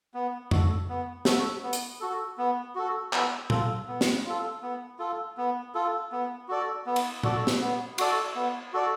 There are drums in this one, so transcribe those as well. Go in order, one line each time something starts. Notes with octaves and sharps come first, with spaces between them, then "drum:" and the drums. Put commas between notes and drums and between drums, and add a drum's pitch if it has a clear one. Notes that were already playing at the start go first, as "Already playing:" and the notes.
B3
F#4 A4, drum: tom F2
B3
F#4 A4, drum: snare
B3
drum: hi-hat
F#4 A4
B3
F#4 A4
B3, drum: clap
F4 A4, drum: tom A#2
B3
drum: snare
F4 A4
B3
F4 A4
B3
F4 A4
B3
F#4 A4 D5
B3
drum: cymbal
F#4 A4 D5, drum: tom A#2
drum: snare
B3
F#4 A4 D5, drum: cymbal
B3
F#4 A4 D5